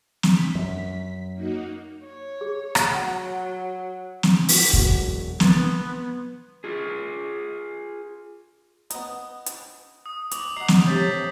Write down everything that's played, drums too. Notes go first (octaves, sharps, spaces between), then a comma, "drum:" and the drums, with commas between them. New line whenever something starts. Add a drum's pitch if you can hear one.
B6, drum: snare
F#2
A#3 D#4 F#4
C#5
G#4
drum: rim click
F#3 F#5
drum: snare
drum: open hi-hat
E1 F#3 F#5, drum: kick
B3 C6 G#6 A6, drum: snare
F4 G#4
B3 D#4, drum: hi-hat
drum: hi-hat
D#6
C#6 D6 F7 F#7, drum: hi-hat
D#4 F#5 D#6 C7
drum: snare
A2 C3 G6 A6 B6